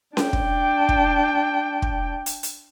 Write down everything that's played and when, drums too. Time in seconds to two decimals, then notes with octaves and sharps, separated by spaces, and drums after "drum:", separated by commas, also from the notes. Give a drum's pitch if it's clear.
0.17 D4 G5, drum: snare C#4
0.33 drum: kick
0.89 drum: kick
1.82 drum: kick
2.26 drum: hi-hat
2.43 drum: hi-hat